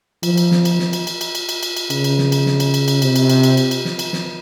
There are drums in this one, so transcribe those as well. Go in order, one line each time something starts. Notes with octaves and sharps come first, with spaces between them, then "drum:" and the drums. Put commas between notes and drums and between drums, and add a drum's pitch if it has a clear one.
F3, drum: cymbal
drum: cymbal
drum: snare
drum: cymbal
drum: snare
drum: cymbal
drum: cymbal
drum: cymbal
drum: cymbal
drum: cymbal
drum: cymbal
drum: cymbal
C#3, drum: cymbal
drum: cymbal
drum: snare
drum: cymbal
drum: snare
drum: cymbal
drum: cymbal
drum: cymbal
C3, drum: cymbal
drum: cymbal
drum: cymbal
drum: cymbal
drum: cymbal
drum: cymbal
drum: snare
drum: cymbal
drum: snare